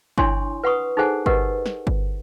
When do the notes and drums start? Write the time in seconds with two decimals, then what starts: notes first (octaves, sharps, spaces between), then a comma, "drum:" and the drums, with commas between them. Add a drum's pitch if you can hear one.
0.18 D4 E4 C#5 G#5 C6 C#6, drum: kick G1
0.64 B4 F#5 B5 C#6 D#6
0.97 D#4 G#4 A4 C5 F#5 G#5
1.26 G4 A#4 B4 D#5 F#5, drum: kick G1
1.66 drum: snare
1.87 drum: kick G1